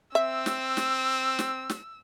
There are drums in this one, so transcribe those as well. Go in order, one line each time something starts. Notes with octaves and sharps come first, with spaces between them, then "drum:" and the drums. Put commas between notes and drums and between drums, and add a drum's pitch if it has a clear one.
C4 E5 E6
drum: snare
drum: snare
drum: snare
drum: snare